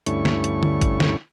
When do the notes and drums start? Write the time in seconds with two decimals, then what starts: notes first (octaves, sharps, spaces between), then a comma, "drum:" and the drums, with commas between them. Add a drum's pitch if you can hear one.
0.06 D2 G2 A3 C#4 E4 C#6, drum: hi-hat
0.25 drum: snare
0.44 drum: hi-hat
0.63 drum: tom D3
0.81 drum: kick, hi-hat
1.00 drum: snare